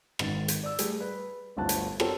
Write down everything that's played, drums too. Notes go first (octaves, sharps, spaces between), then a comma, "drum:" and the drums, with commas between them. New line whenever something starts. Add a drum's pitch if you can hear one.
G#1 G#2 D#3 A6, drum: rim click
drum: hi-hat
D5 E6
G3 A3 G#4, drum: hi-hat
B4
G1 D2 G2 A5 F#6
drum: hi-hat
C4 F#4 G4 A4 A#4 C#5, drum: rim click